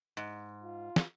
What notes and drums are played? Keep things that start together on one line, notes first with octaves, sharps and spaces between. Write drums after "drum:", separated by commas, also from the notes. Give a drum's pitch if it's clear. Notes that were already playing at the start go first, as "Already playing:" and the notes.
G#2
F4
drum: snare